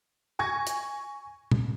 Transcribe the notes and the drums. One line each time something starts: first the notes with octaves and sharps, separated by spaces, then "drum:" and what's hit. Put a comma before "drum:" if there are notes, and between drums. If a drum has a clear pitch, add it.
G#5 C#6 G#6 A#6
drum: hi-hat
drum: tom A#2